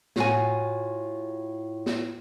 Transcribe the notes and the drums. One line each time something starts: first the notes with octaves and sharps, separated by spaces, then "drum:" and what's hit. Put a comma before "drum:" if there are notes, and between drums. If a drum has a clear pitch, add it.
A2 F4 F#4 G#5, drum: snare
drum: snare